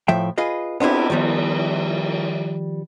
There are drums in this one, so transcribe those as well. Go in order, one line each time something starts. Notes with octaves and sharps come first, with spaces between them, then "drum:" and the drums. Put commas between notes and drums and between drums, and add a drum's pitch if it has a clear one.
A2 F3 E5 G5
F4 G#4 B4 D#5
B3 C4 D4 E4 G4, drum: cymbal
D#3 F3 G3 B3